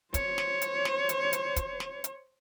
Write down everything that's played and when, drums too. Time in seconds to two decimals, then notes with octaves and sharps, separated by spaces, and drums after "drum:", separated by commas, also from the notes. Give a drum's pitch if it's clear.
0.14 C5 C#5, drum: kick, hi-hat
0.38 drum: snare
0.62 drum: hi-hat
0.85 drum: snare
1.09 drum: hi-hat
1.33 drum: hi-hat
1.56 drum: kick, hi-hat
1.80 drum: snare
2.04 drum: hi-hat